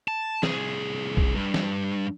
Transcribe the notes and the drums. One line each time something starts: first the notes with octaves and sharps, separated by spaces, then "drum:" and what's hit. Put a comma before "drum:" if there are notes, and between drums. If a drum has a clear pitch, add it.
A5
C2 G#4, drum: snare
drum: kick A#1
G2
drum: snare